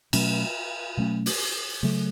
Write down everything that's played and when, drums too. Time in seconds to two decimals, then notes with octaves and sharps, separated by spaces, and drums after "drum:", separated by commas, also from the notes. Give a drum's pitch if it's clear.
0.13 B2 F#3 A3 C#4, drum: cymbal
0.97 B2 F#3 A3 C#4
1.26 drum: open hi-hat
1.83 C#3 F#3 A3